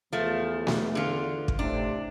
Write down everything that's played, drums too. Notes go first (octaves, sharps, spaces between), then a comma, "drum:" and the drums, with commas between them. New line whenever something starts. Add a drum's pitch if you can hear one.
E2 F3 A3
drum: snare A3
D3 F4
drum: kick
A2 C3 D4